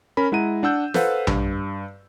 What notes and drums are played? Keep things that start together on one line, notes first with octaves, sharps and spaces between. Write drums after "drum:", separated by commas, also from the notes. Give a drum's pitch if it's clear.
C#4 A#4 B5
G#3 E4 F#5 A#5 D#7
D4 F#5 E6 G6
A4 B4 C5 F5 F#5, drum: snare
G2, drum: tom A#1